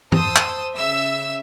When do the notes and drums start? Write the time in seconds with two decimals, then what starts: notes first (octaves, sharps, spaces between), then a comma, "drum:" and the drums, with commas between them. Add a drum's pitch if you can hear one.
0.12 C5 A5 D#6 E6, drum: tom
0.36 drum: clap
0.77 C#3 E5 E6